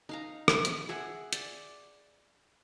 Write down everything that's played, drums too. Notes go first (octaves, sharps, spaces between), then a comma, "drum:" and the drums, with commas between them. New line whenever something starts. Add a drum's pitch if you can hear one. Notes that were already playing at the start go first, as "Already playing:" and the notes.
D#4 F5 A#5
drum: rim click
drum: hi-hat
G#4 E5 F#5
D5, drum: hi-hat